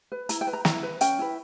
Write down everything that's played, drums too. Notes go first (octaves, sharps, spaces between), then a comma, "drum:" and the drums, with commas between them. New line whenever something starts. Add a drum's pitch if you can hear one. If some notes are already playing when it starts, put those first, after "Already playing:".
B4
E4 A#5, drum: hi-hat
G5
B4
A#5
E4 A#5, drum: snare
B4
C#4 G5, drum: hi-hat
E4 B4